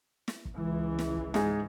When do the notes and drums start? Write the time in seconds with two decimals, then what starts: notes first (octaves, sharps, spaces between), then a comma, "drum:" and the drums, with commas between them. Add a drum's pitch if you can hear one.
0.28 drum: snare
0.45 drum: kick
0.55 C#2 E3
0.99 drum: snare
1.16 drum: kick
1.34 G#2 G#3, drum: snare